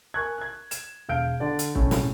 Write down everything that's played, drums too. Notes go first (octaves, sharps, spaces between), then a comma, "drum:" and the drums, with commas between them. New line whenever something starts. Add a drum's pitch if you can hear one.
A#4 G#5 C#6 F#6 G#6
F#6 G#6
E7, drum: hi-hat
E1 F5 F6 G6 D7
D3 D5
drum: hi-hat
E1 A2 A3 C#4, drum: kick
drum: snare